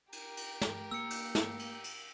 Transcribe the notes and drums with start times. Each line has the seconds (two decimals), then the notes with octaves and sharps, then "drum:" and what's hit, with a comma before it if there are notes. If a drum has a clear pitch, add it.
0.12 G4 A#4, drum: cymbal
0.37 drum: cymbal
0.61 drum: snare
0.91 A#3 E6 C#7
1.10 drum: cymbal
1.35 drum: snare
1.59 drum: cymbal
1.84 drum: cymbal